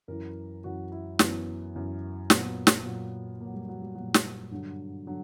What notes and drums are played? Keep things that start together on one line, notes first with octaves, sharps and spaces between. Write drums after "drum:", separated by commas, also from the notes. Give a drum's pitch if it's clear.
F#2 E3 A#4
F#2 E3 F#4
E4
F#2 E3 B3, drum: snare
F#2 E3
A#2 F#3 B3, drum: snare
drum: snare
A#2 F#3
A#2 F#3 A#3
G3
F#3
G3
A#2 F#3
drum: snare
G2 D3 F#3
D3 F#3